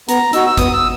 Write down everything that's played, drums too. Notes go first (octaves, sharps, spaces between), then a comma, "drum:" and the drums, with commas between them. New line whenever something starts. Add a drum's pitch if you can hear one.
B3 A#5, drum: hi-hat
D#4 F#4 E6, drum: hi-hat
E6
B3 D#6, drum: kick, hi-hat
E6